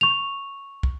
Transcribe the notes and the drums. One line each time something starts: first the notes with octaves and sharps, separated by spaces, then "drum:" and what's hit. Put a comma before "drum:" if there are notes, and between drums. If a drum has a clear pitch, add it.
C#6 F7
drum: kick